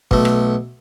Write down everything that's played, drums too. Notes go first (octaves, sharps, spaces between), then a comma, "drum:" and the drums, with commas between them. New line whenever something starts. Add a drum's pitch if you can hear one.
B1 A3, drum: kick
drum: rim click